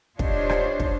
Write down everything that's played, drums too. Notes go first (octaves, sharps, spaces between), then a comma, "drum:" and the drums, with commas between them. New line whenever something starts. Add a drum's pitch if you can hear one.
D4 F4 G4 C5 C#5 D#5, drum: kick
drum: rim click
drum: kick